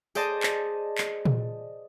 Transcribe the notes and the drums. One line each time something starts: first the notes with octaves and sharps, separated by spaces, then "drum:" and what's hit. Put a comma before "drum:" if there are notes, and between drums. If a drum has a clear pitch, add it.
G#4 C5 D5 D#5 A5, drum: tambourine
drum: clap
drum: clap
drum: tom A#2